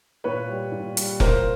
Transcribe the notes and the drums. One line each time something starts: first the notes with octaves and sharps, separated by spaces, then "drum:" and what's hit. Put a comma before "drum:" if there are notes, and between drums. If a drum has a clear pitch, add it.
A#2 B4 C#5
G3
A#2
G3, drum: hi-hat
A#2 A#4 C5, drum: kick F1